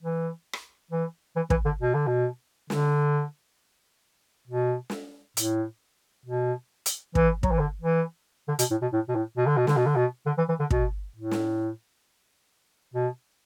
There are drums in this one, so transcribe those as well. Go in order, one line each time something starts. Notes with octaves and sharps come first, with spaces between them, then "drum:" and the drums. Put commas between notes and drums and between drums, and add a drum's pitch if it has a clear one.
E3
drum: rim click
E3
E3
E3, drum: kick
D3
B2
D3
B2
D3, drum: snare
B2
drum: snare
A2, drum: hi-hat
B2
drum: hi-hat
E3, drum: kick
F#3, drum: kick
E3
D3
E3
D3
B2, drum: hi-hat
A2
B2
A2
B2
A2
B2
D3
B2
D3, drum: snare
B2
D3
B2
D3
E3
E3
D3
B2, drum: kick
A2
drum: snare
B2